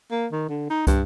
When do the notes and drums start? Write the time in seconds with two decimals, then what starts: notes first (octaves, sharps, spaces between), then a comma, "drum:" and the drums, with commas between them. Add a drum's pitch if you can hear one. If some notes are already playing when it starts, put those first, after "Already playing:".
0.11 A#3
0.32 D#3
0.49 D3
0.70 D#4
0.87 G2, drum: kick, hi-hat